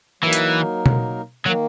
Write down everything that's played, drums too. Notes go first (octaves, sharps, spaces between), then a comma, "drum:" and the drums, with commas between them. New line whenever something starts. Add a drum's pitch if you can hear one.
E3 F#3 A#3 D#4 A#4
drum: hi-hat
drum: tom B2
D#3 F#3 A#3